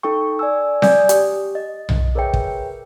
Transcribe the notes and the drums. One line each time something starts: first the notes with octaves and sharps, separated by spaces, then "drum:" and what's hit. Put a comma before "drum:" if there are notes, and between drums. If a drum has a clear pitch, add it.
D#4 A4 G5 C#6
D5 G#5 E6
D5 G#5 D#6 G6, drum: snare C4
G4, drum: hi-hat
D#5
drum: tom B1
G#4 A#4 B4 C#5 E5 G5
drum: kick